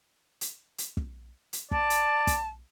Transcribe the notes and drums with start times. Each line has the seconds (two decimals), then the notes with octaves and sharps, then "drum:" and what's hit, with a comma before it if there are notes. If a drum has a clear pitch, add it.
0.41 drum: hi-hat
0.78 drum: hi-hat
0.97 drum: kick
1.53 drum: hi-hat
1.71 D5 A5, drum: kick
1.90 drum: hi-hat
2.27 drum: kick, hi-hat